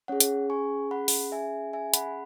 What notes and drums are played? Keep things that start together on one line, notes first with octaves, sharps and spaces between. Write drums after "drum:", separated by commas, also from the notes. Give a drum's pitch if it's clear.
C#4 G#4 C#5 F#5
drum: hi-hat
G#5 C#6
F#5 B5
drum: open hi-hat
E5 G#5
E5 G#5
F#5 B5, drum: hi-hat